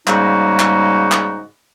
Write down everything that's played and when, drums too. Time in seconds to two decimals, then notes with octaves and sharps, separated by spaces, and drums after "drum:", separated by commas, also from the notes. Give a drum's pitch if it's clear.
0.07 G#2 C#3 G3 A#3 D#4 F#4, drum: clap
0.60 drum: clap
1.12 drum: clap